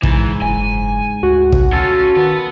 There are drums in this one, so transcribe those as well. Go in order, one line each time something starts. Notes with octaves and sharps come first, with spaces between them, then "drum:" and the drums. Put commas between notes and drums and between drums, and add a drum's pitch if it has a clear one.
G#2 E3, drum: kick
F#1 G#5
D2 F#4
drum: kick
C#4 F4 A4
D#3 B3